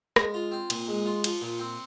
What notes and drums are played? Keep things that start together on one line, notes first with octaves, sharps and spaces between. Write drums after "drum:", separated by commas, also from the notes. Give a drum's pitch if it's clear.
G#3, drum: rim click
F4
C4
A#2, drum: cymbal
G#3
F4
F3, drum: cymbal
A#2
C4